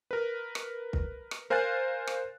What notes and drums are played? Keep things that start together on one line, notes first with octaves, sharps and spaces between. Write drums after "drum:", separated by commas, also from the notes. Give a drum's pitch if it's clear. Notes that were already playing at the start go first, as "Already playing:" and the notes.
A#4 B4
drum: rim click
drum: kick
drum: rim click
A#4 C5 F5 G#5 F#6 A6
drum: rim click